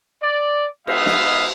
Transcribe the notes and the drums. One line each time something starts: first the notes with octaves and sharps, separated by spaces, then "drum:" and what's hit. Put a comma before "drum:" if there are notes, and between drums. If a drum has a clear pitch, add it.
D5
G#3 B3 D#4 E5 F5, drum: cymbal
drum: snare